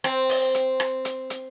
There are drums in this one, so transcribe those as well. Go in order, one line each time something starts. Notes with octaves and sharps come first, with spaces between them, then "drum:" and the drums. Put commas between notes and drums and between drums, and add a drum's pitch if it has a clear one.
C4, drum: rim click
drum: open hi-hat
drum: hi-hat
drum: rim click
drum: hi-hat
drum: hi-hat